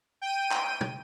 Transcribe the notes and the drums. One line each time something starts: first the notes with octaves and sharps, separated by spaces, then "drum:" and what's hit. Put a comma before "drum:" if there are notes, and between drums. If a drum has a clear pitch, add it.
G5 D#7
drum: clap
drum: tom